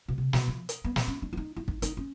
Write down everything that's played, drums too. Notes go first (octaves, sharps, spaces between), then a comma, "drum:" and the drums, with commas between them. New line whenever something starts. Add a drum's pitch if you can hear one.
B2
C3
B2, drum: snare
F3
drum: hi-hat
B3
C4, drum: snare
C#4
D4
E4
D#4
E4
D#4, drum: kick
D#4, drum: hi-hat
C#4